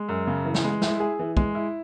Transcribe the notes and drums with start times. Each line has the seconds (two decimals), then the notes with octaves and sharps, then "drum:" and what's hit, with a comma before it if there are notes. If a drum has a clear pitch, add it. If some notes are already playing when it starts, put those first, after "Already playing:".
Already playing: G#3
0.08 F#2
0.27 C#3
0.45 E3
0.54 drum: snare
0.64 G#3
0.82 E4, drum: snare
1.00 G#4
1.19 E3
1.37 G#3, drum: kick
1.55 E4